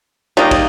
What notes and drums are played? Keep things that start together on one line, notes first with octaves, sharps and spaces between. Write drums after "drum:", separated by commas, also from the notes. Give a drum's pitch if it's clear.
D#3 G3 A#3 D#4
drum: kick, cymbal